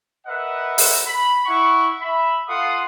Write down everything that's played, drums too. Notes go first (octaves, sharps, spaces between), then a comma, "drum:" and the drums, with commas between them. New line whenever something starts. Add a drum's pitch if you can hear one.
A#4 B4 D#5 E5 F#5
drum: open hi-hat
B5
E4 F#5 C#6
E5 B5
F4 A4 F5 F#5 C6 D#6